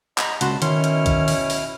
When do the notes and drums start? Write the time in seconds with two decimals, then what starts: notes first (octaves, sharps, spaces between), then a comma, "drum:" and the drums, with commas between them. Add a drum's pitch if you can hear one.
0.18 D#5 A#5 B5, drum: clap
0.41 C#2 A#2 C#3 F#4 A5 B5 C6, drum: hi-hat
0.62 B2 D#3 C#4 E4 C6 F6, drum: hi-hat
0.84 drum: hi-hat
1.06 drum: kick, hi-hat
1.28 drum: open hi-hat
1.50 drum: open hi-hat